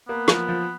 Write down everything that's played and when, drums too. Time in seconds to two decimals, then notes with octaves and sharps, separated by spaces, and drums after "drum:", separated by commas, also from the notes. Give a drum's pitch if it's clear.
0.08 A#3 B3
0.28 F3, drum: rim click
0.48 F3